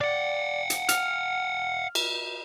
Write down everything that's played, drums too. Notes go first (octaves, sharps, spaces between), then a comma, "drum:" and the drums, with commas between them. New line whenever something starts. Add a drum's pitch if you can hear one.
D5 F5 F#5
drum: hi-hat
F6, drum: hi-hat
drum: cymbal